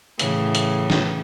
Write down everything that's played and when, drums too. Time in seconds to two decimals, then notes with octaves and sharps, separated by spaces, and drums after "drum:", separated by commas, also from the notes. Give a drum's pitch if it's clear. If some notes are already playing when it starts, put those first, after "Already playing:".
0.19 A2 C#3 E3, drum: hi-hat
0.55 drum: hi-hat
0.90 drum: snare